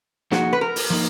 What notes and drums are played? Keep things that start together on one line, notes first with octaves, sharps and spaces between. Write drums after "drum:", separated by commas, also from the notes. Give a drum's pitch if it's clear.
F3 A#3 D#4 F#4 G#4, drum: snare
B4
A#4
drum: open hi-hat
F3 A#3 D#4